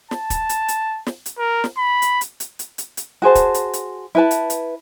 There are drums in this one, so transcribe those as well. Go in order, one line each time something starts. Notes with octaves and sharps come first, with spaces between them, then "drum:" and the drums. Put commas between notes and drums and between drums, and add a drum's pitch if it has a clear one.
A5, drum: snare
drum: kick, hi-hat
drum: hi-hat
drum: hi-hat
drum: snare
drum: hi-hat
A#4
drum: snare
B5
drum: hi-hat
drum: hi-hat
drum: hi-hat
drum: hi-hat
drum: hi-hat
drum: hi-hat
F#4 G#4 C5 A5
drum: kick, hi-hat
drum: hi-hat
drum: hi-hat
E4 B4 A5
drum: hi-hat
drum: hi-hat